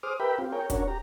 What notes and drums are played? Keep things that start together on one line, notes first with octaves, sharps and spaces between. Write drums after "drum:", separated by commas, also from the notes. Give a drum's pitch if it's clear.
G#4 C5 D6 D#6 F6
G4 A#4 B4 E5 G5 B5
C4 F4 G4
G#4 A#4 C#5 G5
C#4 D4 F#4 A#4 C#5, drum: kick, hi-hat
G4 A#5